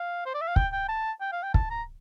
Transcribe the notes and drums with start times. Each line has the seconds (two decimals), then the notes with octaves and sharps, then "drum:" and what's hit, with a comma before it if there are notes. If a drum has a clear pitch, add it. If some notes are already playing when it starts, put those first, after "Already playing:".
Already playing: F5
0.26 C5
0.34 D5
0.41 E5
0.48 F5
0.56 G5, drum: kick
0.73 G5
0.89 A5
1.21 G5
1.32 F5
1.43 G5
1.54 A5, drum: kick
1.71 A#5